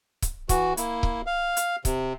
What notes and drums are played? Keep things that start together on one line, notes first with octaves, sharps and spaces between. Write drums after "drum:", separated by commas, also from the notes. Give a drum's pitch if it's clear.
drum: kick C#1, hi-hat
E3 F#4, drum: kick C#1, hi-hat
A#3 E4, drum: hi-hat
drum: kick C#1
F5
drum: hi-hat
C3, drum: kick C#1, hi-hat